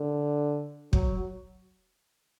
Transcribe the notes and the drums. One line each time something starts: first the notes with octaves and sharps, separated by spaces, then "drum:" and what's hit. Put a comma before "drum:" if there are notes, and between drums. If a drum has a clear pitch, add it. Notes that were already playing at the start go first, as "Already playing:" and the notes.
Already playing: D3
F#3, drum: kick